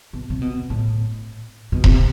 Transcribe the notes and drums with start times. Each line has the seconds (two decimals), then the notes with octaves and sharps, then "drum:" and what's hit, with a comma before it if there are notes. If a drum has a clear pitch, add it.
0.13 B2
0.30 C3
0.42 B2
0.70 A2
1.72 B2
1.84 C3, drum: kick E1